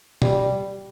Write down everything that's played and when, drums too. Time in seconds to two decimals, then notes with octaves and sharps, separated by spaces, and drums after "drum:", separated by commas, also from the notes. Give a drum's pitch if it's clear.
0.22 G3, drum: tom